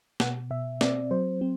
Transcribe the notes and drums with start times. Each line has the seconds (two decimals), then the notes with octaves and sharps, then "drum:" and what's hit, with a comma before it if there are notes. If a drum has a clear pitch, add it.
0.20 B2 F#5, drum: snare
0.51 B2 E5
0.81 C4 D5, drum: snare
1.11 F#3 C5
1.41 C4